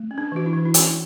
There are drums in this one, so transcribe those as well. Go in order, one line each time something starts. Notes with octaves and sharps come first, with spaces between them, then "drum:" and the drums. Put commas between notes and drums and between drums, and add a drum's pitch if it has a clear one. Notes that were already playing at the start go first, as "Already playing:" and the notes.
Already playing: A3
C#4
D4
E3 F#4
E4
E3
E4
C#4 F#4, drum: hi-hat